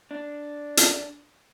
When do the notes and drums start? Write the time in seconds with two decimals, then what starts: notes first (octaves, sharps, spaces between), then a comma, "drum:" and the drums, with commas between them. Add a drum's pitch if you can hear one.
0.11 D4
0.77 drum: hi-hat